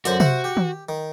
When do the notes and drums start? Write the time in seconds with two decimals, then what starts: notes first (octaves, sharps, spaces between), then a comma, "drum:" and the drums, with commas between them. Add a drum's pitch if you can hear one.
0.05 F#2 D3 F#4 C5, drum: hi-hat
0.20 C5 E5 F#5, drum: tom C3
0.44 G4
0.57 drum: tom D#3
0.89 D#3